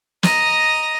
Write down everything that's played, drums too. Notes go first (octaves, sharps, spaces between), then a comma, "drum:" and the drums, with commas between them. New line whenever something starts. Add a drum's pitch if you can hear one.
D#5 A#5, drum: snare